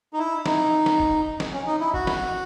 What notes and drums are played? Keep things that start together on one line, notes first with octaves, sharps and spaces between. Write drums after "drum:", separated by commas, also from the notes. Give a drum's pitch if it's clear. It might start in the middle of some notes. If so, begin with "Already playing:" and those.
D#4
E4
D#4, drum: snare
drum: snare
drum: kick
drum: snare
C#4
D#4
E4
F#4, drum: kick
drum: snare